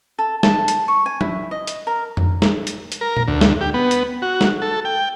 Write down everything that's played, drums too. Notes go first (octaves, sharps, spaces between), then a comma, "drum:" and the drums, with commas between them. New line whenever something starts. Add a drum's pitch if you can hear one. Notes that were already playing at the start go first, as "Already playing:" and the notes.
A4
A5, drum: snare
drum: hi-hat
C#6
G#5
E4, drum: tom F#3
D#5
drum: hi-hat
A#4
drum: tom F2
drum: snare
drum: hi-hat
drum: hi-hat
A#4
drum: tom A#2
D2
drum: snare
G4
B3
drum: hi-hat
F#4
drum: snare
A4
G5